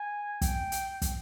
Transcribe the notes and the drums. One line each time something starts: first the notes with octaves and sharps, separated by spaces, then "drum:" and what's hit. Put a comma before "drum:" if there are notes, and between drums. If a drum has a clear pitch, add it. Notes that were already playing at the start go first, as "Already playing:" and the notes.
Already playing: G#5
G5, drum: kick, hi-hat
drum: hi-hat
drum: kick, hi-hat